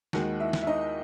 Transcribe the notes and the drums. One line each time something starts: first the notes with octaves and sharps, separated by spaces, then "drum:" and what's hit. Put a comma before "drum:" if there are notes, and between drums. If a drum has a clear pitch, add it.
D#2 D#3 G#3 F#4 F#5, drum: snare
E4 E5
drum: snare
E5
D#4 D#5